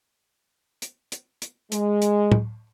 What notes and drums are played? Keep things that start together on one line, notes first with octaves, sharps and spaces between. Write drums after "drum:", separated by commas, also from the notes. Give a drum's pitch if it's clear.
drum: hi-hat
drum: hi-hat
drum: hi-hat
G#3, drum: hi-hat
drum: hi-hat
drum: tom